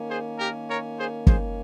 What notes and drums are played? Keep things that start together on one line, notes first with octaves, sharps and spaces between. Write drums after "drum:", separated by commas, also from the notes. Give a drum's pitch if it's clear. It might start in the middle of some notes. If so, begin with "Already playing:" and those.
Already playing: D#3 A#3 C#4
G#4 C5
G4 A#4
A#4 C#5
G#4 C5
G#4 C5, drum: kick